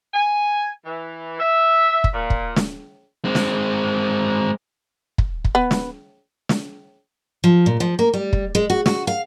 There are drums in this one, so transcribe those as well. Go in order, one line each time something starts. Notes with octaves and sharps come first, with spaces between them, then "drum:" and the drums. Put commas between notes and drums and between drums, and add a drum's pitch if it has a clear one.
G#5
E3
E5
drum: kick
A#2
drum: kick
drum: snare
G#3 C4
drum: snare
drum: kick
drum: kick
B3
drum: snare
drum: snare
F3
A#2
F3
A#3
G3
drum: kick
G#3
F#4
F#4, drum: snare
F5